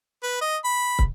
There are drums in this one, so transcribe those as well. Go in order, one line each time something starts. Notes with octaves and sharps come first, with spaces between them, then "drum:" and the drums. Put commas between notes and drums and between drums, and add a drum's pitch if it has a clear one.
B4
D#5
B5
drum: kick